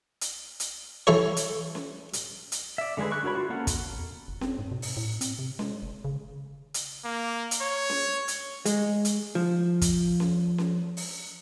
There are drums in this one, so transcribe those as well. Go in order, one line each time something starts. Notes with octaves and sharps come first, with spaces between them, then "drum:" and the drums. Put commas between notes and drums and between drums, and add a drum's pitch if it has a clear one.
drum: hi-hat
drum: hi-hat
E3 A4 C#5
drum: hi-hat
drum: snare C#4
drum: hi-hat
drum: hi-hat
D5 E5
D3 G#3 D4 G#4 B4
C#6 F#6
D4 F#4 A#4 C#5 B5
F4 F#4
A#3 C#4 A4 A#4 F#5
drum: kick, hi-hat
E2
F#1
C4, drum: snare C#4
G#2
B2
drum: open hi-hat
A2
C4, drum: hi-hat
C3
G#3, drum: snare C#4
F#1
C#3
drum: hi-hat
A#3
drum: hi-hat
C#5
drum: snare C#4
drum: hi-hat
G#3, drum: hi-hat
drum: hi-hat
F3
drum: kick, hi-hat
drum: snare C#4
drum: snare C#4
drum: open hi-hat